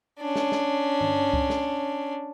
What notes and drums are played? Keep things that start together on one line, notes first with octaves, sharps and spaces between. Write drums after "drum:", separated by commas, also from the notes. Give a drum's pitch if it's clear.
C#4 D4
drum: snare
drum: snare
drum: tom
drum: kick C#2
drum: snare